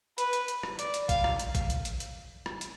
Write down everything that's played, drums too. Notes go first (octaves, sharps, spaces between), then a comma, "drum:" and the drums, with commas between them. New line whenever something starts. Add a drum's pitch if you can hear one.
B4, drum: hi-hat
drum: hi-hat
drum: hi-hat
drum: rim click
D5, drum: hi-hat
drum: hi-hat
F5, drum: kick G#1, hi-hat
drum: rim click
drum: hi-hat
drum: kick G#1, hi-hat
drum: hi-hat
drum: hi-hat
drum: hi-hat
drum: rim click
drum: hi-hat